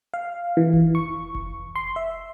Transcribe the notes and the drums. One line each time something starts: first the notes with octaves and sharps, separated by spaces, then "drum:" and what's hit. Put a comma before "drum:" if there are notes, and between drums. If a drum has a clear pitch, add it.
F5
E3
drum: kick F1
C#6
drum: kick F1
C6
E5